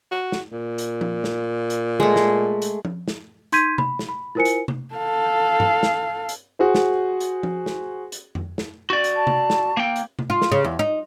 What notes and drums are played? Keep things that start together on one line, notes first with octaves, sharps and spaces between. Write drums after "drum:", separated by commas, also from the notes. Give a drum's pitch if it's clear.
F#4
drum: snare
A#2
drum: hi-hat
drum: tom F3
drum: snare
drum: hi-hat
G#3 A3
drum: snare
drum: hi-hat
drum: tom F3
drum: snare
D#4 C6 G6 G#6 B6 D#7, drum: hi-hat
B5, drum: tom C3
drum: snare
B5
E4 F4 A#4 C5 G#5 C#7
drum: hi-hat
drum: tom C3
A4 F5
drum: tom G2
drum: snare
drum: hi-hat
F#4 G#4 C5
drum: snare
drum: hi-hat
drum: tom F3
drum: snare
drum: hi-hat
drum: tom F2
drum: snare
F#4 D5
drum: hi-hat
A5
drum: tom C3
drum: snare
A#3 G5
drum: hi-hat
drum: tom C3
F4
drum: snare
C#3
E2
D#4